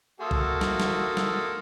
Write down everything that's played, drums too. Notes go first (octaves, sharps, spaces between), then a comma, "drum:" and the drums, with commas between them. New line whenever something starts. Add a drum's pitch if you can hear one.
A#3 F#4 A4 E5 C6 D#6 E6
drum: kick
drum: snare
drum: snare
drum: snare